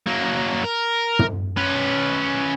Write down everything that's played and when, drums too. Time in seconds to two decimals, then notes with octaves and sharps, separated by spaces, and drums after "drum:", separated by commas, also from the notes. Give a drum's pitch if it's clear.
0.07 F#3 A#3
0.64 A#4
1.19 drum: tom
1.57 C#4 B4